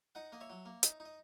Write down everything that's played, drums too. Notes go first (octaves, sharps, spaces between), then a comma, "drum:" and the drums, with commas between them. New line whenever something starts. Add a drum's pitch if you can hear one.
D#4 D#5 F#5
A#3 D#5
C#5 E5
F#3
A#3
D#4, drum: hi-hat
D#4
D#5